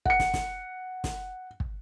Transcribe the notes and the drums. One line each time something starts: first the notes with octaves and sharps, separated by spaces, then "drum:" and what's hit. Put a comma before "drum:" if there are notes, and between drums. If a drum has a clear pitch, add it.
F#5 C#7, drum: kick
drum: snare
drum: snare
drum: snare
drum: kick